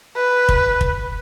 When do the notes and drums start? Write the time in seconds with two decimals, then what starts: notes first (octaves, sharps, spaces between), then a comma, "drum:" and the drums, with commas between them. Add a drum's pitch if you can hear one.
0.16 B4
0.49 drum: kick
0.81 drum: kick